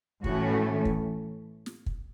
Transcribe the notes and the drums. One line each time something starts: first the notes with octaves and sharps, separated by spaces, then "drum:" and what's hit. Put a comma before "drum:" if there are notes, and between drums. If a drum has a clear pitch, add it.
A2 E3 A3 C#4 F#4, drum: kick
drum: kick
drum: snare
drum: kick